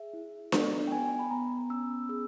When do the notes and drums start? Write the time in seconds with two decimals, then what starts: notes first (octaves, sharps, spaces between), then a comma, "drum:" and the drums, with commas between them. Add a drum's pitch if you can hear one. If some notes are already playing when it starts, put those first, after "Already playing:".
Already playing: G#4 E5
0.13 E4
0.52 B3, drum: snare D4
0.87 G5
0.91 B3 G#5
1.19 B5
1.31 B3 A#5
1.70 C#4 E6
2.09 G#4 E6